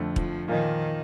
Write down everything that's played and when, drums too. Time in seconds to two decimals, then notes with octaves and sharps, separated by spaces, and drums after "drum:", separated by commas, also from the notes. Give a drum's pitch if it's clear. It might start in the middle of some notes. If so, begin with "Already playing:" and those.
Already playing: F2 D3 A3
0.16 F3, drum: kick
0.48 A#2 D#3 F3 A#3 D#4